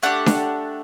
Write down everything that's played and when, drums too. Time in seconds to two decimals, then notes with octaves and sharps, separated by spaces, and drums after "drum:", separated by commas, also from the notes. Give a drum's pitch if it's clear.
0.03 A3 D4 G4 F#5
0.26 drum: snare D4